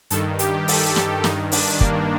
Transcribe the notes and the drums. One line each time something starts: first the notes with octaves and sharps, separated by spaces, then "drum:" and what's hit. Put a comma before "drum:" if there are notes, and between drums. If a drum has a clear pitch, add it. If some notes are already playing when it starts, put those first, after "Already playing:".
G2 D#3 A4, drum: hi-hat
G4, drum: hi-hat
A4, drum: open hi-hat
G4, drum: snare
G2 D#3 D#4, drum: snare
D4, drum: open hi-hat
A#3, drum: kick